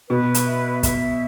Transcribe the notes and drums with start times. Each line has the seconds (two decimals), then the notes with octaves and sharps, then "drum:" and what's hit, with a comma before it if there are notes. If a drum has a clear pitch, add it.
0.10 B2 B4
0.34 drum: hi-hat
0.47 E5
0.83 E5, drum: kick, hi-hat